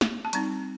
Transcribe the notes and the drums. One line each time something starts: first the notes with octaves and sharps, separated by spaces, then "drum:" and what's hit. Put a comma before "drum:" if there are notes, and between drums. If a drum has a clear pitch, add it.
drum: snare
A5
G3 C4 D#4 A#5, drum: hi-hat